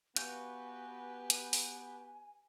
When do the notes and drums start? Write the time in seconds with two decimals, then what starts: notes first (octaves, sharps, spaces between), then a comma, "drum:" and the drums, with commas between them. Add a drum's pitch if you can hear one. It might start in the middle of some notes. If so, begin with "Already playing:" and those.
0.16 B3 F#4 G4 B4 F5 G#5 G6, drum: hi-hat
1.30 drum: hi-hat
1.53 drum: open hi-hat